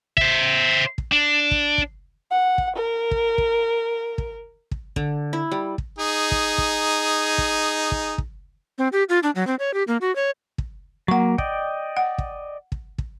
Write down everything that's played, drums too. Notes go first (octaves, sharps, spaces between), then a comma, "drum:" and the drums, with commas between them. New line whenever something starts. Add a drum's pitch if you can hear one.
C5 E5, drum: kick
drum: kick
D4
drum: kick
drum: kick
F#5
drum: kick
A#4
drum: kick
drum: kick
drum: kick
drum: kick
D3, drum: kick
E4
G3
drum: kick
D#4 G#4
drum: kick
drum: kick
drum: kick
drum: kick
drum: kick
C4
G4
F4
D4
F#3
C4
C#5
G4
A#3
F#4
C#5
drum: kick
F#3 A#3 F#5 C#6
D5 D#5 G5, drum: kick
F#5
drum: kick
drum: kick
drum: kick